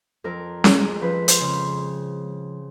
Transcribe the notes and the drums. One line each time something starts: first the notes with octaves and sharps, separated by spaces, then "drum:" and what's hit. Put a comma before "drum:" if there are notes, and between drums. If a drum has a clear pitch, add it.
F2 A#4
G#3, drum: snare C#4
F3 B4
C5, drum: hi-hat
C#3